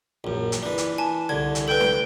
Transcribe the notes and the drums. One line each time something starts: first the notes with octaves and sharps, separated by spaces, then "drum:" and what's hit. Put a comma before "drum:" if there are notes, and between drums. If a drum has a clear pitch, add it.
A#1 F#2
drum: hi-hat
E3 D4
drum: hi-hat
G#5 A5
C2 D3 G#6
drum: hi-hat
A4 B4 G5
drum: snare